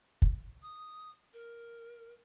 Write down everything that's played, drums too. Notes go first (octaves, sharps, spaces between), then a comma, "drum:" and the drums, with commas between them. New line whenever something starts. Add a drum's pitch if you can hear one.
drum: kick
D#6
A#4